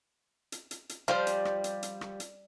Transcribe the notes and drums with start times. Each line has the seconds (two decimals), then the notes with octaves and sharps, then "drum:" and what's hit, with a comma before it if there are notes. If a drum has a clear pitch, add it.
0.52 drum: hi-hat
0.71 drum: hi-hat
0.89 drum: hi-hat
1.08 F3 G3 F4 C5
1.27 drum: hi-hat
1.45 drum: rim click
1.64 drum: hi-hat
1.83 drum: hi-hat
2.01 drum: rim click
2.20 drum: hi-hat